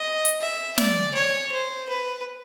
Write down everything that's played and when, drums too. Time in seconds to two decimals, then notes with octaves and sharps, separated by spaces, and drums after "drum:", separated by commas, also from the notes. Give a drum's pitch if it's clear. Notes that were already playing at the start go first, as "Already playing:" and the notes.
Already playing: D#5
0.25 drum: hi-hat
0.40 E5
0.78 D5, drum: snare
1.15 C#5
1.52 C5
1.89 B4